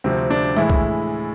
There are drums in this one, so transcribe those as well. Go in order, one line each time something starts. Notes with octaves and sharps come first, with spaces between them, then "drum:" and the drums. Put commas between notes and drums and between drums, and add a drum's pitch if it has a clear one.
D2 C3 F3 C4
D4
A2 E3 G#3 E4
drum: kick C2